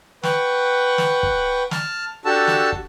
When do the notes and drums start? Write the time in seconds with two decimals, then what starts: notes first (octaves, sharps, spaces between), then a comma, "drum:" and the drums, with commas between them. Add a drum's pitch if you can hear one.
0.23 B4 F#5 G5 C#6, drum: snare
0.98 drum: snare
1.23 drum: kick
1.71 A5 F6, drum: snare
2.25 D4 F#4 G4 A4 A5 E6
2.47 drum: snare
2.72 drum: kick